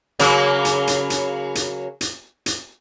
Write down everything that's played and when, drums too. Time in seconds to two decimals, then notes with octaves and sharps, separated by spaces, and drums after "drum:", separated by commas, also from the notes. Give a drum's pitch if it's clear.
0.19 C#3 F#3 A#3, drum: hi-hat
0.65 drum: hi-hat
0.87 drum: hi-hat
1.10 drum: hi-hat
1.55 drum: hi-hat
2.01 drum: hi-hat
2.46 drum: hi-hat